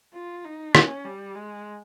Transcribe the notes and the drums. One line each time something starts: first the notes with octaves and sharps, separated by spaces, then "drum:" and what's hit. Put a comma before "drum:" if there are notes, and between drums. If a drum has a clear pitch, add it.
F4
D#4
C#4, drum: rim click
G3
G#3